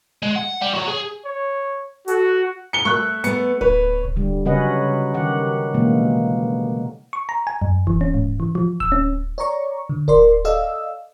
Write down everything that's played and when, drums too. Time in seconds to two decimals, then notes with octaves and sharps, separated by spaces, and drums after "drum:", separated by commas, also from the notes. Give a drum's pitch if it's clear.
0.22 G#3
0.36 F#5
0.61 G3
0.74 F#4 C#5
0.87 G#4
1.25 C#5
2.08 F#4 A4, drum: hi-hat
2.73 C#7 G7
2.85 A3 E5 C#6 F#6
3.24 A3 B3 C#7, drum: hi-hat
3.61 B4 C#5, drum: kick D1
4.05 drum: kick D1
4.16 D3 G3
4.46 C#3 F#3 C#4 B4 D#5 F#5
5.14 D#3 G4 F#5
5.74 B2 D3 E3 G#3 A#3
7.13 C#6
7.29 A#5
7.47 G#5
7.62 F#2
7.87 E3, drum: kick D1
8.01 C#4
8.14 G#2
8.40 E3
8.55 F3
8.80 E6, drum: kick D1
8.92 C#4
9.38 C#5 D5 A#5 C#6
9.89 D3
10.08 A#4 D5 C6, drum: kick D1
10.45 A4 D5 D#5 F5 E6